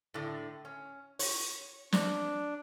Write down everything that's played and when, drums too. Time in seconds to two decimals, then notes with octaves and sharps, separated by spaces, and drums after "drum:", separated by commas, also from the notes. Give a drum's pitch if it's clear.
0.14 A2 D3
0.65 C#4
1.19 C#5, drum: open hi-hat
1.92 D4, drum: snare